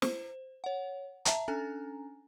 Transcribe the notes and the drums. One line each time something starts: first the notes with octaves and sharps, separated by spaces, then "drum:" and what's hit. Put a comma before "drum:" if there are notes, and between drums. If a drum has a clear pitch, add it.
C5, drum: snare
C#5 F#5
E5 A5 A#5, drum: hi-hat
C#4 D4 A4 G#5 A#5